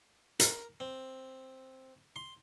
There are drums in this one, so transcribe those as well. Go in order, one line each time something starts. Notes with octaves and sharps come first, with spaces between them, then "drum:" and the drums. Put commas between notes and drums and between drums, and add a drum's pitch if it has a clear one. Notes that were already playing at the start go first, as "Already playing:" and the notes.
A#4, drum: hi-hat
C4
C6